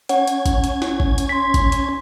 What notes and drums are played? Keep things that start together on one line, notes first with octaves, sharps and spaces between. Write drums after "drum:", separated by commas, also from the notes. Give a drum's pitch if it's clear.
C#4 C#5 F#5 G#6, drum: hi-hat
drum: hi-hat
drum: kick G#1, hi-hat
drum: hi-hat
drum: snare
drum: kick G#1
drum: hi-hat
C6 B6
drum: kick G#1, hi-hat
drum: hi-hat